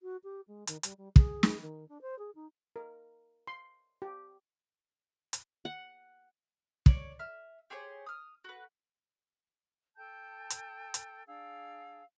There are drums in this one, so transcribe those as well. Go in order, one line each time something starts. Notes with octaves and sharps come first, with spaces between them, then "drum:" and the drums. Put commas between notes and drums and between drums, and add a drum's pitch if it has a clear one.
F#4
G4
G#3
D#3, drum: hi-hat
G3, drum: hi-hat
G3
G#4, drum: kick
drum: snare
D#3
D4
C5
G#4
D#4
A#4
C6
G4
drum: hi-hat
F#5
C#5 D5, drum: kick
E5 F6
G4 G#4 C5 C#5
D#6 F6
F#4 B4
A4 G5 A5 G6
drum: hi-hat
drum: hi-hat
D4 G#4 F5 E6